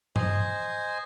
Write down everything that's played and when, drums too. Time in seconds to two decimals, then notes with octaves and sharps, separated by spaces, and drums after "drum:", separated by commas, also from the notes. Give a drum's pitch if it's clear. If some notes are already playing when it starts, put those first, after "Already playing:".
0.16 C5 D#5 G#5, drum: tom G2